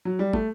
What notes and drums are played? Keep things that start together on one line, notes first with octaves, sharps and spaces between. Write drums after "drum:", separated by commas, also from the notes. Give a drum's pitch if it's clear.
F#3
G3
A3, drum: kick